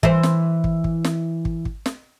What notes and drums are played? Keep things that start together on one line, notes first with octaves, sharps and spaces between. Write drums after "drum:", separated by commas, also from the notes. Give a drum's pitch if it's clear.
E3 C5, drum: kick
drum: snare
drum: kick
drum: kick
drum: snare
drum: kick
drum: kick
drum: snare